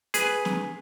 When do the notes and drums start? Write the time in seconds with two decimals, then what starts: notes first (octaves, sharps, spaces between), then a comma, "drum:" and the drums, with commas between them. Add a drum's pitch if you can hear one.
0.14 G#4 B4, drum: hi-hat
0.45 drum: snare